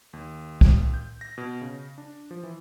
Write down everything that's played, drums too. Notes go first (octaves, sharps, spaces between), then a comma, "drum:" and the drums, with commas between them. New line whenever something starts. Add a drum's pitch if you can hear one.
D#2
drum: kick
G6
A#6
B2
C#3
D4
F3
E3